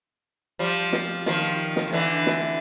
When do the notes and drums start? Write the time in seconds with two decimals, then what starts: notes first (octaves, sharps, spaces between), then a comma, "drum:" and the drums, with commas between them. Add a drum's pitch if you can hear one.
0.59 F3 G3
0.93 drum: snare
1.26 D#3 F3, drum: snare
1.76 drum: snare
1.88 D#3
1.93 D3 E3
2.26 drum: snare